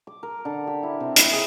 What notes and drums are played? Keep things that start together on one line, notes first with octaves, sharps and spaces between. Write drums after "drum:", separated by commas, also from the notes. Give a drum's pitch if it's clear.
D6
A#4
D3
G4
E4
C3
E4, drum: hi-hat
G#4